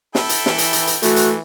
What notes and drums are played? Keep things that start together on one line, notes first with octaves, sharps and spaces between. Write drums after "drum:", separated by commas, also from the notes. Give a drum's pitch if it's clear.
E4 A4 G5, drum: snare
drum: hi-hat
E3, drum: snare
drum: hi-hat
drum: hi-hat
drum: hi-hat
E3 A3 F#4, drum: hi-hat
drum: hi-hat